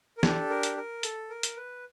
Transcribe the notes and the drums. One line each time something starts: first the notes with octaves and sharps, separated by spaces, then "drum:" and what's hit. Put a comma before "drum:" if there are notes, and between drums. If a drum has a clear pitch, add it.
A#4
D4 G4 A4, drum: snare
A#4
drum: hi-hat
A#4
A4, drum: hi-hat
A#4
drum: hi-hat
B4